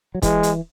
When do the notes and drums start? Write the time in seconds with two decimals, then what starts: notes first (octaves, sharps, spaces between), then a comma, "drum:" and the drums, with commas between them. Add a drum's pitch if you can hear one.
0.15 F#3
0.22 E3 G#3, drum: kick, hi-hat
0.43 drum: hi-hat